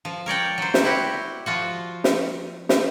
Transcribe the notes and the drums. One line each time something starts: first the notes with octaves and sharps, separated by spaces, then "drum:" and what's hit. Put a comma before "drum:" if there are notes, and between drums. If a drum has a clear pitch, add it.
F3
A#4 C#5 D5 G5
F#3 C5
drum: snare
E4 F#4 G4
F3 F4 F#4
drum: snare
drum: snare